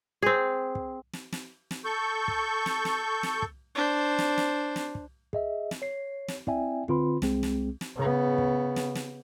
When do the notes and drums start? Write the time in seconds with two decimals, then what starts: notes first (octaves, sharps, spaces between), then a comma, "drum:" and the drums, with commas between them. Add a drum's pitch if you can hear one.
0.22 C4 G#4
0.75 drum: kick
1.13 drum: snare
1.32 drum: snare
1.71 drum: snare
1.85 A4 C#6 G6
2.28 drum: kick
2.66 drum: snare
2.85 drum: snare
3.23 drum: snare
3.42 drum: kick
3.75 D4 C5
4.19 drum: snare
4.38 drum: snare
4.76 drum: snare
4.95 drum: kick
5.33 G#4 D#5 E5, drum: kick
5.71 drum: snare
5.82 C#5 C7
6.28 drum: snare
6.47 C4 E4 D5 E5 G5 G#5, drum: kick
6.88 D3 C4 F4 B4 B5 C6, drum: kick
7.22 C2 G#3 C4 G#4, drum: snare
7.43 drum: snare
7.81 drum: snare
7.96 C#3 B3
8.38 drum: kick
8.76 drum: snare
8.95 drum: snare